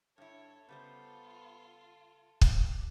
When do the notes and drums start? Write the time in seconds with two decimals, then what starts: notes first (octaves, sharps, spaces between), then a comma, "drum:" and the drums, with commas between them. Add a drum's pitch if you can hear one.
0.18 G2 E4 A4 C#5
0.69 C#3 G3 B3 F4 C5
2.41 G4, drum: kick